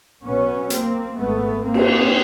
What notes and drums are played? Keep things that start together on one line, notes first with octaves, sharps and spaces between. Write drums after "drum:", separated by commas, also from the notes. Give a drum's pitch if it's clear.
B1 B2 B3 C#4
A#3 C4, drum: hi-hat
G#1 G#2 A3 B3
A#3 C4
drum: cymbal